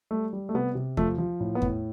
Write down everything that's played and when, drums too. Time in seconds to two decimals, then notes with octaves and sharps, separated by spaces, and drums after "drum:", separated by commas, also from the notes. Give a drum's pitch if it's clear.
0.11 G3 A3
0.33 G3
0.49 A3
0.54 C3 B3
0.75 C3
0.97 F3 A3, drum: kick E2
1.18 F3
1.40 A2
1.55 B3
1.62 A2, drum: kick E2